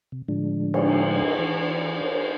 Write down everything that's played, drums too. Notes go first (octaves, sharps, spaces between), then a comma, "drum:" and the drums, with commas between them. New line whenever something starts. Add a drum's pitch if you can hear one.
C3
A2 D3 F3 G#3 D4
drum: cymbal
A#4 B4 D#5
E3
A#4 C5 C#5